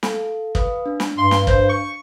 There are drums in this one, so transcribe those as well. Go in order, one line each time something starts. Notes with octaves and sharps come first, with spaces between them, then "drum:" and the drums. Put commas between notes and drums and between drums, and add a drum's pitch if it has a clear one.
A4 F5, drum: snare
B4 F5 D#6, drum: kick
D4
drum: snare
G2 D4 F5 C6
drum: snare
C5, drum: kick
C#6